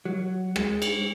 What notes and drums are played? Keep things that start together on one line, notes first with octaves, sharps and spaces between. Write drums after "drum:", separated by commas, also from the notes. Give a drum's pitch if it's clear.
F#3
G#3, drum: rim click
drum: cymbal